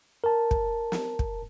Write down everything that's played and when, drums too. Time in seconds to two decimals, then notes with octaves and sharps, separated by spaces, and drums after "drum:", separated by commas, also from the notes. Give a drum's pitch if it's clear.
0.24 A#4 A5
0.51 drum: kick
0.92 drum: snare
1.19 drum: kick